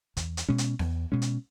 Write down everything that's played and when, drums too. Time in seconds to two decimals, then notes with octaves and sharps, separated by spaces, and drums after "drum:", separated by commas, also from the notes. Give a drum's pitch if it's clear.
0.17 E2, drum: kick, hi-hat
0.37 drum: hi-hat
0.49 B2 G#3 C#4
0.58 drum: hi-hat
0.79 E2, drum: snare B3
1.12 B2 G#3 C#4
1.22 drum: hi-hat